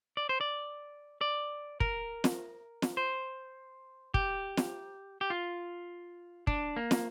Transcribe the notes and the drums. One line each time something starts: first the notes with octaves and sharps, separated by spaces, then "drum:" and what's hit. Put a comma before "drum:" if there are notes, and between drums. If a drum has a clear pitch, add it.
D5
C5
D5
D5
A#4, drum: kick
drum: snare
drum: snare
C5
G4, drum: kick
drum: snare
G4
F4
D4, drum: kick
A#3
drum: snare